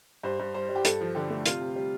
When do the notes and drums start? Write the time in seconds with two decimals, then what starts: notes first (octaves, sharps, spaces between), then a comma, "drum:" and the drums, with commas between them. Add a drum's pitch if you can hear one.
0.23 G2 C5
0.39 G2
0.54 G3 C5
0.69 G3
0.75 G4
0.85 G2 A4, drum: hi-hat
1.01 F3
1.15 D3 G4
1.30 A3
1.46 C3 F4, drum: hi-hat
1.61 C3
1.76 G3